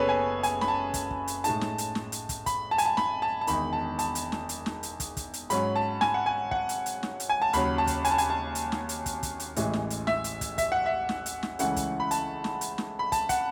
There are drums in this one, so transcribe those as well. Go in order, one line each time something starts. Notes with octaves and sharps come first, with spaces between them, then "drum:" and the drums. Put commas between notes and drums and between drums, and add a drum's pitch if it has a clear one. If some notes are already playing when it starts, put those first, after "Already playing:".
Already playing: F#1 F#2 C#3 B3 G#4 A4 B4 C#5
G#5
G#5, drum: hi-hat
B5, drum: snare
A5
drum: kick, hi-hat
drum: kick
drum: hi-hat
A2 G#3 D#4 A5, drum: hi-hat
drum: snare
drum: hi-hat
drum: snare
drum: hi-hat
drum: kick, hi-hat
B5, drum: kick, hi-hat
A5
G#5, drum: hi-hat
A5
B5, drum: snare
A5
A5
E1 E2 D#3 B5, drum: hi-hat
A5
A5, drum: hi-hat
drum: hi-hat
drum: snare
drum: hi-hat
drum: snare
drum: hi-hat
drum: kick, hi-hat
drum: kick, hi-hat
drum: hi-hat
G#2 F#3 C#4 B5, drum: hi-hat
A5
G#5, drum: snare
F#5
G#5
F#5, drum: kick
drum: hi-hat
drum: hi-hat
drum: snare
drum: hi-hat
G#5
A5
D#2 C#3 F#3 B5, drum: hi-hat
A5
drum: kick, hi-hat
G#5, drum: hi-hat
A5
G#5, drum: hi-hat
A5
drum: hi-hat
drum: snare
drum: hi-hat
drum: kick, hi-hat
drum: kick, hi-hat
drum: hi-hat
A1 A2 E3 G#3, drum: hi-hat
drum: snare
drum: hi-hat
E5, drum: snare
drum: hi-hat
drum: kick, hi-hat
E5, drum: kick, hi-hat
F#5
E5
drum: snare
drum: hi-hat
drum: snare
C#2 C#3 E3 A3 E4 F#5, drum: hi-hat
drum: kick, hi-hat
B5
A5, drum: hi-hat
drum: snare
drum: hi-hat
drum: snare
B5
A5, drum: kick, hi-hat
F#5, drum: kick, hi-hat